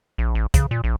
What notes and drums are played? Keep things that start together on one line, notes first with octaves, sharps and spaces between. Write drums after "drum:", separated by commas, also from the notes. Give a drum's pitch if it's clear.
A#1
A1
C#3, drum: kick, hi-hat
A#2
A#1